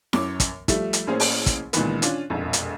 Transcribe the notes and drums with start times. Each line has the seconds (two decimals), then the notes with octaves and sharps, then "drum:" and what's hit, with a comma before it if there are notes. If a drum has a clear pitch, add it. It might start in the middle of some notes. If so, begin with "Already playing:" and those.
0.13 F#2 C#5 D6, drum: snare E4
0.40 drum: kick, hi-hat
0.68 F3 G3 A3, drum: kick, hi-hat
0.93 drum: hi-hat
1.07 A1 A#3 C#4 G#4 C5
1.20 drum: open hi-hat
1.46 drum: kick, hi-hat
1.73 C#2 A#2 D#3 E3 B3, drum: hi-hat
2.02 C#4 D4 F4, drum: hi-hat
2.30 E1 A#1 F2
2.53 drum: hi-hat